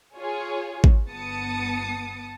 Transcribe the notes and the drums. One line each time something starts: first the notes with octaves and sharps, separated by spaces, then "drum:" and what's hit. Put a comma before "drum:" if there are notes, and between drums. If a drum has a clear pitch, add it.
F4 G#4 C#5
drum: kick G#1
G1 B3 A5 D#6 C#7